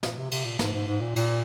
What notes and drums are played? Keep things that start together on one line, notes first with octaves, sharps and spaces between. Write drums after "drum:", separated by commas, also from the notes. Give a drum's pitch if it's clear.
A#2, drum: snare
C3
C3, drum: cymbal
A#2
G#2, drum: snare
G#2
G#2
A#2
A#2, drum: cymbal